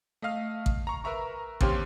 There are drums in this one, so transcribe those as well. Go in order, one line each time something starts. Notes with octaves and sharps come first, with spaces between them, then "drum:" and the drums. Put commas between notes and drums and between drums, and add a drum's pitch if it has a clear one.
A3 D#5 F5 F6
drum: kick A1
A#5 C#6
A#4 B4 E5 A#5 C#6
D#2 C4 C#4 G4 C6 F6, drum: kick A1